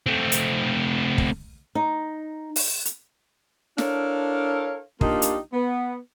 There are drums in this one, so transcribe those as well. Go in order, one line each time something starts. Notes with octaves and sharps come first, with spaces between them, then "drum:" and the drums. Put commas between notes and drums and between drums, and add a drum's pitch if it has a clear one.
A3 C4
drum: hi-hat
drum: kick
D#4
drum: open hi-hat
drum: hi-hat
D4 E4 A4 A#4 C#5 F5, drum: snare
A#3 D4 D#4 F4 G4, drum: kick
drum: hi-hat
B3